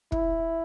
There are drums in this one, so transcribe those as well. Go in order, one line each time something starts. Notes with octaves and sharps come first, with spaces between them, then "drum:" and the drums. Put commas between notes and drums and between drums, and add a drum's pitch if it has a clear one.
E4, drum: kick